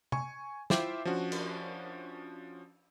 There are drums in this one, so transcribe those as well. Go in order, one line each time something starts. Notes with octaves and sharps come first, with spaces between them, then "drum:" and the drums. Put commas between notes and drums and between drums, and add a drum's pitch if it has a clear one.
G#5 C#6, drum: tom
E4 F4 C5 E5 G5 D6, drum: snare
F3 C#4 D4 F#4
drum: cymbal